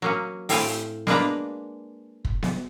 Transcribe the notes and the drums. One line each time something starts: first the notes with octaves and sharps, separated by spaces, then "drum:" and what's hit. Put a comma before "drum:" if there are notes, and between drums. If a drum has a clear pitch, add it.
F#3 A#3 C#4
A2 C4 E5 F5 G5 G#5, drum: open hi-hat
G#3 A#3 D4 B4 A#5, drum: snare B3
drum: kick
drum: snare B3